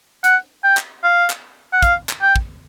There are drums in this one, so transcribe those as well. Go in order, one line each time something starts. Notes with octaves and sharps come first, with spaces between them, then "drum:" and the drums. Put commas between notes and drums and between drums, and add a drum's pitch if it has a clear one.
F#5, drum: hi-hat
G5
drum: clap
F5
drum: clap
F#5
F5, drum: kick, hi-hat
drum: clap
G5
drum: kick